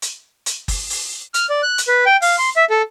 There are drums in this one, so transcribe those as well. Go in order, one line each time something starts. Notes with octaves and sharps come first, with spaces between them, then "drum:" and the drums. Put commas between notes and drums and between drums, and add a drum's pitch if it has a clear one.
drum: hi-hat
drum: hi-hat
drum: kick, open hi-hat
drum: open hi-hat
F6, drum: hi-hat
D5
F#6
drum: hi-hat
B4
G5
F5, drum: open hi-hat
C6
E5
A4